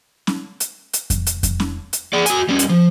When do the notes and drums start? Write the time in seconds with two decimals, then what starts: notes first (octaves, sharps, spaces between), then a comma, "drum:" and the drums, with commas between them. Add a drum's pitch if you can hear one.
0.27 drum: snare C#4
0.60 drum: hi-hat
0.93 drum: hi-hat
1.10 drum: kick F2, hi-hat
1.26 drum: hi-hat
1.43 drum: kick F2, hi-hat
1.60 drum: snare C#4
1.93 drum: hi-hat
2.13 G#4 D5
2.26 F#4 G#5, drum: hi-hat
2.49 G3 C#4
2.59 drum: hi-hat
2.70 F3